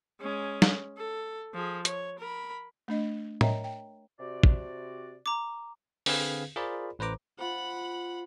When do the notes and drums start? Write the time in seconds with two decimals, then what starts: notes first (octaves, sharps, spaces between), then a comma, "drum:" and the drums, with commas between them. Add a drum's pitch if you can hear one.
0.21 G#3 C#4
0.62 drum: snare
0.98 A4
1.54 F3 G#4
1.85 C#5, drum: hi-hat
2.19 A#4 B5
2.88 A3 D4 D#5
3.41 A#4 C#5 D#5 E5 G5 A#5, drum: tom A2
3.64 G5
4.19 C3 F#4 D5
4.43 drum: kick
5.26 A#5 D6
6.06 D3 C4 G#4 B4 F5 G#6, drum: open hi-hat
6.56 F4 G#4 A#4 C5 D5 B5
6.99 A1 B4 C5 A#5 D6
7.39 F4 C5 F#5 B5